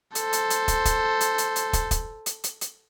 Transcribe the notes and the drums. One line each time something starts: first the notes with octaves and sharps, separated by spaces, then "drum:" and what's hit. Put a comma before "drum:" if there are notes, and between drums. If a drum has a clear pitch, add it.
A4 C5, drum: hi-hat
drum: hi-hat
drum: hi-hat
drum: kick, hi-hat
drum: kick, hi-hat
drum: hi-hat
drum: hi-hat
drum: hi-hat
drum: kick, hi-hat
drum: kick, hi-hat
drum: hi-hat
drum: hi-hat
drum: hi-hat